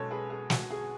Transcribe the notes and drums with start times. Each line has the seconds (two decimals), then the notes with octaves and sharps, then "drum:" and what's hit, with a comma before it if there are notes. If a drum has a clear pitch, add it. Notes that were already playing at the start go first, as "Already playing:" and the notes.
Already playing: B1 B2 G#3 C#4 A4 C#5
0.11 G#4 B4
0.30 G#4
0.50 F#4, drum: snare
0.70 G#4